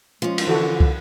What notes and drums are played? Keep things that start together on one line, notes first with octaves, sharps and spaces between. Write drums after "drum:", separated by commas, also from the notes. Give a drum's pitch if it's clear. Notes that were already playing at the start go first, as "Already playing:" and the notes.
F3 G#3 C#4
drum: cymbal
D3 E3 F#4 A4
drum: kick